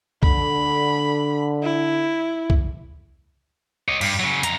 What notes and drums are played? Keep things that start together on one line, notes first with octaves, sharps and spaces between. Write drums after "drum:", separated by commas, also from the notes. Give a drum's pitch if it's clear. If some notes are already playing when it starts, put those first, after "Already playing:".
D3 B5, drum: kick
E4
drum: kick
C#5 D#5
G2, drum: cymbal
C#3 F#3
F2 A#5, drum: hi-hat